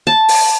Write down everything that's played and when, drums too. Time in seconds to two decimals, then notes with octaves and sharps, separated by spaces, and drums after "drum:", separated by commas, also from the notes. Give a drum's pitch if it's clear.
0.07 A5
0.28 drum: open hi-hat